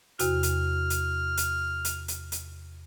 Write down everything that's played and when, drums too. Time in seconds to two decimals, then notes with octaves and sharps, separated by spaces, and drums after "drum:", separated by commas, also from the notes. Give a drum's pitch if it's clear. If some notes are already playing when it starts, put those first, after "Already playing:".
0.19 E2 C3 F#4 F6, drum: hi-hat
0.43 drum: hi-hat
0.90 drum: hi-hat
1.37 drum: hi-hat
1.85 drum: hi-hat
2.08 drum: hi-hat
2.32 drum: hi-hat